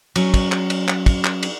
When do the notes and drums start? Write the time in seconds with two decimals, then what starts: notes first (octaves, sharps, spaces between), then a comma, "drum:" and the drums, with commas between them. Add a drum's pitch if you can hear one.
0.16 F#3 C#4, drum: cymbal
0.34 drum: kick, cymbal
0.52 drum: clap
0.70 drum: cymbal
0.88 drum: clap
1.06 drum: kick, cymbal
1.24 drum: clap
1.43 drum: cymbal